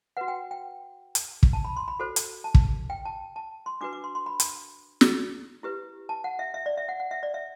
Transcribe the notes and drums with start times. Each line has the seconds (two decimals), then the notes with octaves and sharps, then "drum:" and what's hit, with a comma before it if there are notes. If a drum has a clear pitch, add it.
0.17 F#4 B4 F#5
0.28 G5
0.51 G5
1.15 drum: hi-hat
1.43 drum: kick
1.53 A5
1.65 B5
1.76 C6
1.88 B5
1.99 F#4 A4 C5
2.16 drum: hi-hat
2.44 A5
2.55 drum: kick
2.90 G5
3.05 A5
3.36 A5
3.66 C6
3.81 D4 F#4 B4 D6
3.93 D6
4.04 C6
4.15 C6
4.26 B5
4.40 drum: hi-hat
5.01 drum: snare
5.63 E4 G4 B4
6.09 A5
6.24 F#5
6.39 E5
6.54 E5
6.66 D5
6.77 E5
6.89 F#5
7.00 F#5
7.11 E5
7.23 D5
7.34 E5